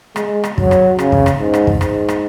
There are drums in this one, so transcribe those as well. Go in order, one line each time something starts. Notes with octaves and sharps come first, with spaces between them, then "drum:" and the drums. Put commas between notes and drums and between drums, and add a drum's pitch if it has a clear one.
G#3, drum: rim click
drum: rim click
F#3, drum: kick
drum: rim click
C#3, drum: rim click
drum: kick
drum: rim click
G#2
drum: rim click
drum: kick
G#2, drum: rim click
drum: rim click